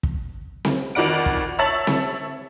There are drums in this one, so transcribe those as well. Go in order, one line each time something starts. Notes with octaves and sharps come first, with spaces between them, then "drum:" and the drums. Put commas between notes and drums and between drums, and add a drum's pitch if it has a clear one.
drum: kick
drum: snare C4
F2 D#3 F#4 D5 F#5 D7
drum: kick
C#5 E5 A5 A6 F#7
drum: snare C4